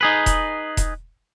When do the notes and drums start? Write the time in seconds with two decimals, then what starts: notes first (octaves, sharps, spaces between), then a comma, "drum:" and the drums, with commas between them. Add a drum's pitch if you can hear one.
0.01 D#4 G#4 B4
0.26 drum: kick E1, hi-hat
0.77 drum: kick E1, hi-hat